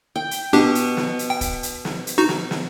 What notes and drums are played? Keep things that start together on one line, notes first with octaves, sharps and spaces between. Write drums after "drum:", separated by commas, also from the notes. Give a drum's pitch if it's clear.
G5
drum: hi-hat
B2 D4 G4
drum: hi-hat
drum: snare
drum: hi-hat
G5
drum: kick, hi-hat
drum: hi-hat
drum: snare
drum: hi-hat
D#4 F#4
drum: snare
drum: snare